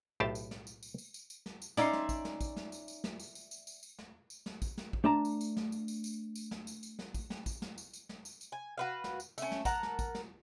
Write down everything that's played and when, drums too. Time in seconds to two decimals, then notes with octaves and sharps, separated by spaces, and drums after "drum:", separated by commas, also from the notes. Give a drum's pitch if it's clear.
0.20 B1 A2 G4 C5 A5
0.35 drum: tambourine
0.51 drum: snare
0.67 drum: tambourine
0.83 drum: tambourine
0.98 drum: tambourine
1.14 drum: tambourine
1.30 drum: tambourine
1.46 drum: snare
1.62 drum: tambourine
1.77 C#4 D#4 D5 E5 C6, drum: tambourine
1.93 drum: snare
2.09 drum: kick, tambourine
2.25 drum: snare
2.41 drum: kick, tambourine
2.56 drum: snare
2.72 drum: tambourine
2.88 drum: tambourine
3.04 drum: snare
3.20 drum: tambourine
3.35 drum: tambourine
3.51 drum: tambourine
3.67 drum: tambourine
3.83 drum: tambourine
3.99 drum: snare
4.30 drum: tambourine
4.46 drum: snare
4.62 drum: kick, tambourine
4.78 drum: snare
4.93 drum: kick
5.04 A3 D4 A5 A#5
5.25 drum: tambourine
5.41 drum: tambourine
5.56 drum: snare
5.72 drum: tambourine
5.88 drum: tambourine
6.04 drum: tambourine
6.35 drum: tambourine
6.51 drum: snare
6.67 drum: tambourine
6.83 drum: tambourine
6.99 drum: snare
7.14 drum: kick, tambourine
7.30 drum: snare
7.46 drum: kick, tambourine
7.62 drum: snare
7.78 drum: tambourine
7.93 drum: tambourine
8.09 drum: snare
8.25 drum: tambourine
8.41 drum: tambourine
8.52 G#5
8.78 F#4 B4 F5
9.04 drum: snare
9.20 drum: tambourine
9.38 A3 C#4, drum: tambourine
9.51 drum: snare
9.65 A#4 F#5 A5 A#5, drum: kick, tambourine
9.83 drum: snare
9.99 drum: kick, tambourine
10.15 drum: snare